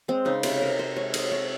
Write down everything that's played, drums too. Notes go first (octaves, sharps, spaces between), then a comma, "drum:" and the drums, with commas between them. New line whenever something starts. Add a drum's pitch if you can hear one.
G#3 C4
C#3 D#4
C3 C5, drum: cymbal
C3 A#4
C3 C5
G#3 C#5
C3 D#5, drum: cymbal
C3 C#5